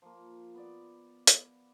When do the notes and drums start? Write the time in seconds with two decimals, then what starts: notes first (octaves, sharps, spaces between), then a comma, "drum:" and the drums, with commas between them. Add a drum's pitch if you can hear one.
0.02 F3 A#3
0.54 B3 D5
1.27 drum: hi-hat